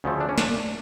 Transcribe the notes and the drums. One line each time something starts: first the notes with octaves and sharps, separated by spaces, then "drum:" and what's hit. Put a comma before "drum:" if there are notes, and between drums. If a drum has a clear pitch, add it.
D2 C#3 F3 A3
D4
C#4
D4, drum: snare